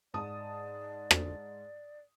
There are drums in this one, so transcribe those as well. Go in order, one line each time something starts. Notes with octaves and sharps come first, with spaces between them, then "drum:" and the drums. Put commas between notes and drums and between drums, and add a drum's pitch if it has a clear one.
G#2 D5 A5 D#6
drum: rim click